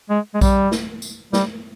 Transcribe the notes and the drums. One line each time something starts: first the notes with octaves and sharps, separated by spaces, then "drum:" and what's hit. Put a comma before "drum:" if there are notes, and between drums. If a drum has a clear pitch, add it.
G#3
G#3
G3, drum: kick A#1, tambourine
drum: snare
drum: tambourine
G3, drum: snare